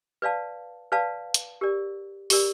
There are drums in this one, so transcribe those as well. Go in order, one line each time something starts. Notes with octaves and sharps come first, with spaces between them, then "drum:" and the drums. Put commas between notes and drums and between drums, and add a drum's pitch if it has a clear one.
B4 D5 F5 A5
B4 D5 F5 A5
drum: hi-hat
G4 A#4 D5
G4 A#4 D5, drum: open hi-hat